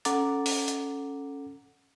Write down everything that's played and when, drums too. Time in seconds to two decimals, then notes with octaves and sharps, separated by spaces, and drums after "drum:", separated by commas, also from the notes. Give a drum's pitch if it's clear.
0.05 C#4 A4 F#5 A#5 D6 A6, drum: hi-hat
0.46 drum: open hi-hat
0.68 drum: hi-hat